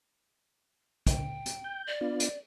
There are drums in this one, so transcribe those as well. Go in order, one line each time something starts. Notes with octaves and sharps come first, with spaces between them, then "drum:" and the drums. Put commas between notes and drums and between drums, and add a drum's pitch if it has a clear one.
G5, drum: kick, hi-hat
drum: hi-hat
G6
D5
B3 D4 F4
drum: hi-hat